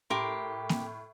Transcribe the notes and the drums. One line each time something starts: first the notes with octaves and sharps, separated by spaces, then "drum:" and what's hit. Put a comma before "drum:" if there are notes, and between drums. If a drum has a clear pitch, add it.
A2 G4 A#4 C6
drum: snare A#3